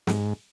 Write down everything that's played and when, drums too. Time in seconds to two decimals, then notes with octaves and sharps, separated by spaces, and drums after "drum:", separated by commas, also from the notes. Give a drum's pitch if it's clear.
0.07 G#2, drum: snare